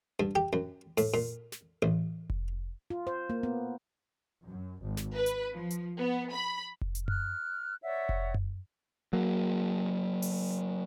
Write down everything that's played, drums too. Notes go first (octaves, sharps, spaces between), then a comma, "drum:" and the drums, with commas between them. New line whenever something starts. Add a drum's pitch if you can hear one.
G2
G4
F#2
A2, drum: open hi-hat
A#2
drum: snare
A1
drum: kick F1
F4
C5
A#3
B3
F#2
G#1
drum: snare
B4
drum: hi-hat
F3
drum: hi-hat
B3
B5
drum: kick F1
drum: hi-hat
F6 F#6, drum: tom F#2
C#5 D5 E5 F#5
drum: kick F1
drum: tom F#2
F#3 A#3
drum: open hi-hat